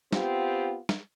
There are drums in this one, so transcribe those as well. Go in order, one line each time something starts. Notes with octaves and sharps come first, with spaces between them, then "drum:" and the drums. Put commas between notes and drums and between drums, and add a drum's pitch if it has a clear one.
B3 C4 F4 G4, drum: snare
drum: snare